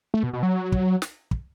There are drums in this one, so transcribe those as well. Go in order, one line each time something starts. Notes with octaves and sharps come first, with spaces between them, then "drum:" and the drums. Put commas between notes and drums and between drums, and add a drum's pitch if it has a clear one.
A3
B2
B2
F#3
drum: kick
drum: snare
drum: kick